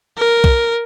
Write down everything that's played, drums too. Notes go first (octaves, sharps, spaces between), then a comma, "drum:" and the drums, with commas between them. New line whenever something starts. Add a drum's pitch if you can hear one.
A#4
drum: kick B1